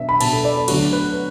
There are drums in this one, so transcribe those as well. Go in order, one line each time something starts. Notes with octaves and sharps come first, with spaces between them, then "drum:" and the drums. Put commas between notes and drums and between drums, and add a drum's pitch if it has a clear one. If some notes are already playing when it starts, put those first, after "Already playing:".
Already playing: B2 B3 D4 E5
B5
B2 B3 D4 A5, drum: cymbal
A4
D5
A4
D2 D3 F#3 B3 F#4, drum: cymbal
B4